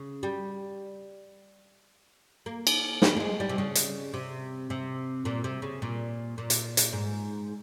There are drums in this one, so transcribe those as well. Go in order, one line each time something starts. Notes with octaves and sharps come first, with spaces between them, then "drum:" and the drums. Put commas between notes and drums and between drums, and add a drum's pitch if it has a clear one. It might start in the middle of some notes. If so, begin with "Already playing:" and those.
Already playing: C#3
G3
A#3
drum: cymbal
G3, drum: snare
A#3
G#3
G3
C3
C#3
drum: hi-hat
C3
C3
A#2
C3
C#3
A#2
A#2
drum: hi-hat
drum: hi-hat
G#2